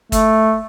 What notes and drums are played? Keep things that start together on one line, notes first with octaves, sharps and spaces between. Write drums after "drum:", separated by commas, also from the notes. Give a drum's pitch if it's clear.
A3, drum: kick, hi-hat